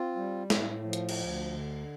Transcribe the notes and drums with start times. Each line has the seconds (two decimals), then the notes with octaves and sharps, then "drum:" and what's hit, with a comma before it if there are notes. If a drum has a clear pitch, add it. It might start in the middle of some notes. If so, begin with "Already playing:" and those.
Already playing: C4 F4
0.16 G3
0.50 A2, drum: snare
0.84 F3
0.93 drum: hi-hat
1.09 drum: cymbal
1.20 D2
1.53 D3